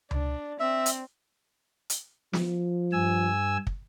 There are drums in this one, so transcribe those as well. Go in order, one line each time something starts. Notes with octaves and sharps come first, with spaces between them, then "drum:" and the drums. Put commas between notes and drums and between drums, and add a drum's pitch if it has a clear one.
D4, drum: tom C#2
C4 E5
drum: hi-hat
drum: hi-hat
F3, drum: snare
G2 G#5 E6
drum: kick